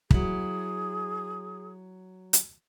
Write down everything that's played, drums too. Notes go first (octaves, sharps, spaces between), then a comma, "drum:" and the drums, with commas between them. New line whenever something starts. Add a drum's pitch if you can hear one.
F#3 E4 G#4, drum: kick
drum: hi-hat